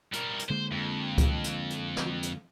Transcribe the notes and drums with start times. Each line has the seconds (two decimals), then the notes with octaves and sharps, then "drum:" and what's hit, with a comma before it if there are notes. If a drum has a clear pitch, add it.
0.13 G3 A#4, drum: hi-hat
0.39 drum: hi-hat
0.50 D3 G#3 A#3 C5
0.72 F2
1.18 drum: kick C#2, hi-hat
1.44 drum: hi-hat
1.70 drum: hi-hat
1.96 drum: snare
2.23 drum: hi-hat